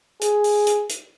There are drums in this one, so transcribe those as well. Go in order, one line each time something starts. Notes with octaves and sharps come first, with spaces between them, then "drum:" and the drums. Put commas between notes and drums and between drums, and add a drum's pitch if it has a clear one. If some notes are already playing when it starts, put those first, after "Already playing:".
G#4, drum: hi-hat
drum: open hi-hat
drum: hi-hat
drum: hi-hat